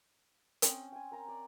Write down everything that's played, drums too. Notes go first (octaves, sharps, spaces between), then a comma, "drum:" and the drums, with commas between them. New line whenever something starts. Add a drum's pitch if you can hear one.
C4 C#4 G5, drum: hi-hat
G5 G#5
A#4 A#5
D5